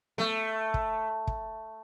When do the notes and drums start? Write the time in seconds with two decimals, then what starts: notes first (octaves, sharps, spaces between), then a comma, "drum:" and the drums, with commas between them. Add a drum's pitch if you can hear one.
0.18 A3, drum: snare B3
0.74 drum: kick
1.27 drum: kick